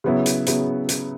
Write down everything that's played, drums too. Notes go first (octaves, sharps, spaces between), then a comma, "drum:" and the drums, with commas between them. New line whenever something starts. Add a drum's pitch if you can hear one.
C#3 F#3 B3 E4
drum: hi-hat
C#3 F#3 B3 E4, drum: hi-hat
drum: hi-hat